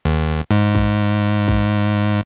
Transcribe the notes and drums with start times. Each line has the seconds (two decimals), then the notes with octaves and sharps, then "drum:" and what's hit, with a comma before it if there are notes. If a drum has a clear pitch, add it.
0.05 D#2
0.51 G#2
0.75 drum: kick
1.48 drum: kick